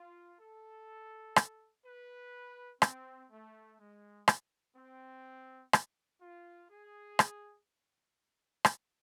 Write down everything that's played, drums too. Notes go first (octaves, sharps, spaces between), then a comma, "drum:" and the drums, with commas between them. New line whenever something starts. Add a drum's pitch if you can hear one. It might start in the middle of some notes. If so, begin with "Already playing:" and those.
Already playing: F4
A4
drum: rim click
B4
C4, drum: rim click
A3
G#3
drum: rim click
C4
drum: rim click
F4
G#4
drum: rim click
drum: rim click